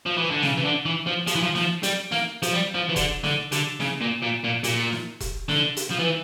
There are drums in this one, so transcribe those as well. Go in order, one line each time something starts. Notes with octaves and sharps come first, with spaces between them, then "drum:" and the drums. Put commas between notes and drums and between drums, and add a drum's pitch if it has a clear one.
F3
E3
D3
C#3, drum: snare
E3
D3
E3
F3
F3, drum: hi-hat
E3
F3
F3, drum: snare
G3, drum: hi-hat
A#3, drum: snare
F3, drum: hi-hat
G3
F3
E3
D3, drum: kick E1, hi-hat
D3, drum: snare
D3, drum: hi-hat
C#3, drum: snare
A#2
A#2
A#2
A#2, drum: hi-hat
drum: snare
drum: kick E1, hi-hat
D3, drum: snare
drum: hi-hat
F3
E3